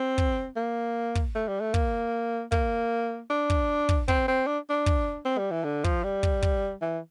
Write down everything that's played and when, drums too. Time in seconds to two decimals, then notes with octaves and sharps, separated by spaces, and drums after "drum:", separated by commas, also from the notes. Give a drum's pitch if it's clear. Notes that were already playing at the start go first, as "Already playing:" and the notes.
Already playing: C4
0.18 drum: kick
0.57 A#3
1.15 drum: kick
1.35 A3
1.48 G3
1.61 A3
1.74 A#3, drum: kick
2.52 A#3, drum: kick
3.30 D4
3.50 drum: kick
3.89 drum: kick
4.08 C4, drum: kick
4.28 C4
4.47 D4
4.70 D4
4.86 drum: kick
5.25 C4
5.39 G3
5.51 E3
5.64 D3
5.84 F3, drum: kick
6.04 G3
6.23 drum: kick
6.42 drum: kick
6.82 E3